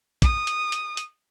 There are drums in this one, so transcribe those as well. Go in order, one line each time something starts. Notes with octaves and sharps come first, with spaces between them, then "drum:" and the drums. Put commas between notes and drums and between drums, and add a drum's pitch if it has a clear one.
D#6, drum: kick, hi-hat
drum: hi-hat
drum: hi-hat
drum: hi-hat